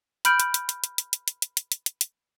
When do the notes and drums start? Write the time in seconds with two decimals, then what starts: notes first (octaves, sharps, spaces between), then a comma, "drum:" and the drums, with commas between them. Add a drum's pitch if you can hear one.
0.25 B5 F6 G6 D7, drum: hi-hat
0.40 drum: hi-hat
0.54 drum: hi-hat
0.69 drum: hi-hat
0.84 drum: hi-hat
0.98 drum: hi-hat
1.13 drum: hi-hat
1.28 drum: hi-hat
1.42 drum: hi-hat
1.57 drum: hi-hat
1.72 drum: hi-hat
1.86 drum: hi-hat
2.01 drum: hi-hat